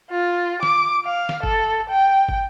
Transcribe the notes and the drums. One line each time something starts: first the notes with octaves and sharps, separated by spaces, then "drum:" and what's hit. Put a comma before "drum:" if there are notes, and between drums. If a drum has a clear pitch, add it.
F4
D6, drum: snare
F5
drum: snare
A4, drum: kick
G5
drum: kick